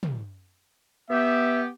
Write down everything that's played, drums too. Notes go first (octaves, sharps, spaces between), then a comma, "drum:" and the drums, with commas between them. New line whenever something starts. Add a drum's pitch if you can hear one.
drum: tom
B3 G4 E5